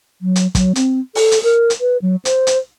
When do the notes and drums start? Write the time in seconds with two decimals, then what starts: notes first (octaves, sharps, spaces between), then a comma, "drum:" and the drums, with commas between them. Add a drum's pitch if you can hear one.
0.21 F#3
0.36 drum: hi-hat
0.55 F#3, drum: kick, hi-hat
0.75 C4, drum: hi-hat
1.15 A4, drum: open hi-hat
1.32 drum: hi-hat
1.43 A#4
1.70 drum: hi-hat
1.81 B4
2.02 F#3
2.25 C5, drum: hi-hat
2.47 drum: hi-hat